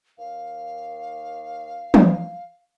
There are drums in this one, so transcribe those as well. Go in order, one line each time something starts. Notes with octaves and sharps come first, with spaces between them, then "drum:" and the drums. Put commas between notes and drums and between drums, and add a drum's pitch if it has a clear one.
D#2 F5
drum: tom